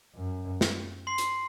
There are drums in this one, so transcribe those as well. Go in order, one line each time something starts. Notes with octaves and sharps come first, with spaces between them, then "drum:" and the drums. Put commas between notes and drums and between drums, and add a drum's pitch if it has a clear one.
F#2
drum: snare
C6 C7
drum: hi-hat